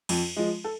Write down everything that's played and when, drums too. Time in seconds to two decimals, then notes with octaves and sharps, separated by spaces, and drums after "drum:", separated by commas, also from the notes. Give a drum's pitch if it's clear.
0.09 F2, drum: cymbal
0.37 F3 G#3
0.64 A4